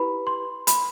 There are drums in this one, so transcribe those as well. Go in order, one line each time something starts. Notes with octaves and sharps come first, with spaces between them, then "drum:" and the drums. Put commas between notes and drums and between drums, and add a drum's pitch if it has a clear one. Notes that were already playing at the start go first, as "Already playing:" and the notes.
Already playing: E4 G4 B4 B5
C6
B5, drum: hi-hat